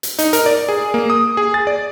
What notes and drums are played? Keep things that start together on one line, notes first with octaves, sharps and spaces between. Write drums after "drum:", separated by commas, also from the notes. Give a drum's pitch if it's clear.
drum: hi-hat
D#4, drum: hi-hat
A#4, drum: hi-hat
D5
G#4
A#3
D#6
G#4
A6
D5